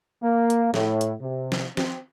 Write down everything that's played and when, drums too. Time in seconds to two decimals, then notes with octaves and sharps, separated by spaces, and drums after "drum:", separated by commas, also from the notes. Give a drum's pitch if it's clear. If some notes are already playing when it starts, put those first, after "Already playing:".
0.23 A#3
0.50 drum: hi-hat
0.74 A2, drum: snare
1.01 drum: hi-hat
1.21 C3
1.52 drum: snare
1.77 C4, drum: snare